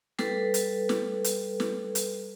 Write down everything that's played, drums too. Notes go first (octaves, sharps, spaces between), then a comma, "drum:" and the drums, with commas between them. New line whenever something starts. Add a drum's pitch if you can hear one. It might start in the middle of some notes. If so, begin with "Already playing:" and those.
G3 A4 B4, drum: snare
drum: hi-hat
drum: snare
drum: hi-hat
drum: snare
drum: hi-hat